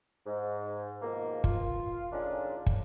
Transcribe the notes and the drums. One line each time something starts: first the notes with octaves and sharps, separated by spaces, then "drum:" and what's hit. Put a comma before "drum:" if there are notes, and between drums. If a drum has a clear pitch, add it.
G#2
G#2 B2 D#3 F3 A#3
F4, drum: kick
A2 D#3 G#3 C#4 D4 F4
drum: kick